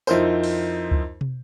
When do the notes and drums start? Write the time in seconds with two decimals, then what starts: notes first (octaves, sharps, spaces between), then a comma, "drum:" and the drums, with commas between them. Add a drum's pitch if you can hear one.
0.07 F2 D#4 E4 A#4 C5, drum: tambourine
0.44 drum: open hi-hat
0.91 drum: kick C#2
1.21 drum: tom